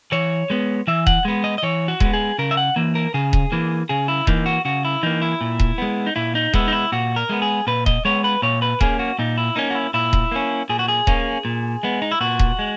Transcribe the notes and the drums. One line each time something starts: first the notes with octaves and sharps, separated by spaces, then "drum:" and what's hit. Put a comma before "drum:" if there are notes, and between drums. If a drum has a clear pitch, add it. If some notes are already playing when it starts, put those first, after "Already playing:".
E3 C#5
G#3 B3
E3 E5
F#5, drum: kick D#1
G#3 B3
D#5
D#5
E3 C#5
F#4
G#3 B3, drum: kick D#1
G#4
C#3 A#4
E5
F#5
E3 A#3
A#4
C#3 G#4
drum: kick D#1
E3 A#3
C#3 G#4
E4
E3 A#3 D#4, drum: kick D#1
F#4
C#3 F#4
E4
E3 A#3 D#4
E4
A#2
drum: kick D#1
G#3 B3
D#4
A#2 E4
D#4
G#3 B3 E4, drum: kick D#1
D#4
E4
A#2 F#4
A#4
G#3 B3
G#4
A#2 B4
D#5, drum: kick D#1
G#3 B3 C#5
B4
A#2 C#5
B4
A#3 C#4 G#4, drum: kick D#1
F#4
A#2 D#4
E4
A#3 C#4 D#4
F#4
E4
A#2 E4
drum: kick D#1
A#3 C#4
A#2 G#4
F#4
G#4
A#3 C#4, drum: kick D#1
A#2
G#3 B3
D#4
E4
A#2 F#4
drum: kick D#1
G#3